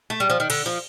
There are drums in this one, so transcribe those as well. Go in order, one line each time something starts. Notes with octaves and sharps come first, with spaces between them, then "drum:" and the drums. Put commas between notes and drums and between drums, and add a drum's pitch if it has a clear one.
A3
G3
F3
D#3
D3, drum: cymbal
F3